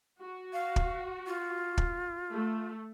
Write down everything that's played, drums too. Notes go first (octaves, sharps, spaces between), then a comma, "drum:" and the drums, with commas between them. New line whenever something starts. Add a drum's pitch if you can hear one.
F#4
F5
drum: kick
F4
drum: kick
A3